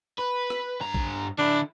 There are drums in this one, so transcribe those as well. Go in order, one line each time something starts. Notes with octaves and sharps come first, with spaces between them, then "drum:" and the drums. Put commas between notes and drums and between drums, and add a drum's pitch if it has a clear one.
B4
drum: rim click
G2 A#5
drum: kick A#1
D3 D4 E4